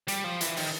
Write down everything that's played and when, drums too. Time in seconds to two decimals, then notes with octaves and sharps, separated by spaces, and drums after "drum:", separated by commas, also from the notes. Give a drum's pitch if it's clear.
0.08 G3, drum: hi-hat
0.24 F3
0.41 E3, drum: hi-hat
0.57 D#3, drum: open hi-hat